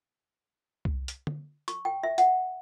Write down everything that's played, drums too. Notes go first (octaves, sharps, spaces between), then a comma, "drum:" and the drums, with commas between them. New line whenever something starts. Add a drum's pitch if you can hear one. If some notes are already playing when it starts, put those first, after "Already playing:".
drum: kick C2
drum: hi-hat
drum: tom D3
C#6, drum: hi-hat
G5
E5
F#5, drum: hi-hat